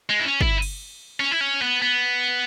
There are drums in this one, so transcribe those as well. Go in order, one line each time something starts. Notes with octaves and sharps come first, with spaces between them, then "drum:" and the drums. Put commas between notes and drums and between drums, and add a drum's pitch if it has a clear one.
G#3
E4
C#4
E4, drum: kick
drum: cymbal
C#4
E4
C#4
B3
B3